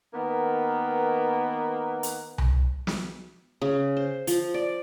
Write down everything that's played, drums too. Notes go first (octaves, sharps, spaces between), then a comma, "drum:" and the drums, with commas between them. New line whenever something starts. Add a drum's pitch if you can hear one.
D#3 A#3 B3
drum: hi-hat
drum: tom C2
drum: snare
C#3
C5
F3, drum: hi-hat
D5